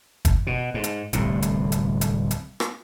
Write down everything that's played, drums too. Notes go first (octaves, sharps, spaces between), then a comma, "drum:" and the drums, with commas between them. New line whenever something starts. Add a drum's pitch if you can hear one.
drum: kick, hi-hat
B2
G#2
drum: hi-hat
D1 C2 A2, drum: hi-hat
drum: hi-hat
drum: hi-hat
drum: hi-hat
drum: hi-hat
drum: rim click